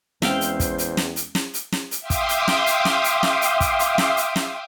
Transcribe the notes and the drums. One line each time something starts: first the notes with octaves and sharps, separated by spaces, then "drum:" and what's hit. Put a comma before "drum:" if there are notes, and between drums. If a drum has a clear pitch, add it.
E2 G#3 C4 C#4 C5 E5 F5 G5, drum: snare
drum: hi-hat
drum: kick, hi-hat
drum: hi-hat
drum: snare
drum: hi-hat
drum: snare
drum: hi-hat
drum: snare
drum: hi-hat
E5 F5 G5 C6 D6 D#6
drum: kick, hi-hat
drum: hi-hat
drum: snare
drum: hi-hat
drum: snare
drum: hi-hat
drum: snare
drum: hi-hat
drum: kick, hi-hat
drum: hi-hat
drum: snare
drum: hi-hat
drum: snare